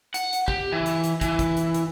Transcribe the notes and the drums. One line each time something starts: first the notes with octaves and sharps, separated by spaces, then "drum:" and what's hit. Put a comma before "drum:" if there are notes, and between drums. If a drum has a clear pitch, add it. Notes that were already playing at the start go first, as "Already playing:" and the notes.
F#5, drum: hi-hat
drum: hi-hat
G4, drum: kick
E3
drum: hi-hat
drum: hi-hat
E3, drum: kick, hi-hat
drum: kick, hi-hat
drum: hi-hat
drum: hi-hat